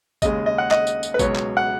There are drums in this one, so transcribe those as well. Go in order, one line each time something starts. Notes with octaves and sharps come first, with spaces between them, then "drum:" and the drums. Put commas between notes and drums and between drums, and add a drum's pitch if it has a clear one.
D#2 C#3 G#3 D#5, drum: kick, tambourine
D#5
F#5
D#5, drum: clap
drum: tambourine
drum: tambourine
B4
C#2 B2 F#3 C#5, drum: kick, tambourine
drum: clap
F#5